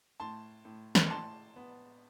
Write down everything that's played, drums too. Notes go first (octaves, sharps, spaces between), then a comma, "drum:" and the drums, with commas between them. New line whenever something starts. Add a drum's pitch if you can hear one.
A2 A5 C6
A2
drum: snare
A2 A5 C6
B3